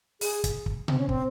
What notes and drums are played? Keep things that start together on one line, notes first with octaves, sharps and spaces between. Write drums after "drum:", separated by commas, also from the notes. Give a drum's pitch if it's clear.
G#4, drum: open hi-hat
drum: kick, hi-hat
drum: kick
C4, drum: tom B2
C#4
C4, drum: kick